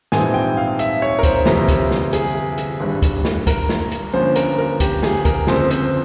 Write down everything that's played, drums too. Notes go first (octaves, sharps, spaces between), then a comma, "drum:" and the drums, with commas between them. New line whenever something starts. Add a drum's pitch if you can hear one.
A#1 G#2 E3 G3 C4 G#5, drum: snare
G5
F5
E5, drum: hi-hat
C#5
A#4
C5, drum: kick C#2, hi-hat
G1 F2 C3 E3 G3 A#4, drum: snare
drum: kick C#2, hi-hat
drum: snare
G#4, drum: hi-hat
drum: hi-hat
G#1 G2 G3
drum: kick C#2, hi-hat
drum: snare
A#4, drum: kick C#2, hi-hat
drum: snare
drum: hi-hat
G1 G2 F3 A#3 C#4 C5
A#4, drum: hi-hat
A#4
G4, drum: kick C#2, hi-hat
G#4, drum: snare
A#4, drum: kick C#2, hi-hat
G1 F2 C#3 F3 C4 C5, drum: snare
C5, drum: hi-hat